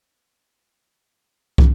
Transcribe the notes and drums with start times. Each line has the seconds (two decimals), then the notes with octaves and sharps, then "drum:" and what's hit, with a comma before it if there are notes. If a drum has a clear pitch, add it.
0.01 C4
0.13 B3
0.27 F#2 A#3
0.55 C#3 F3 G#3 B3
0.84 F#2
1.11 C#3 F3 G#3
1.58 drum: kick